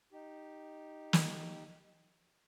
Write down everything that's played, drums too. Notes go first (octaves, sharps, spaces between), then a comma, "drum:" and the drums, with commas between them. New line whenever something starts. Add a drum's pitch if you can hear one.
D#4 G4
drum: snare